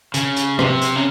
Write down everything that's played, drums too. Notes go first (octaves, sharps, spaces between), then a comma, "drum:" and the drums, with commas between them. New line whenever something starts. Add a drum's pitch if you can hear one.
C#3, drum: hi-hat
drum: hi-hat
C3, drum: rim click
drum: hi-hat
C#3